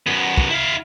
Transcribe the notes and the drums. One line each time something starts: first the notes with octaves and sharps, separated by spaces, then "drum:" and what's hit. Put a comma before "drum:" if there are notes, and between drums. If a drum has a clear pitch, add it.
F#2 B3
drum: kick
E4 F5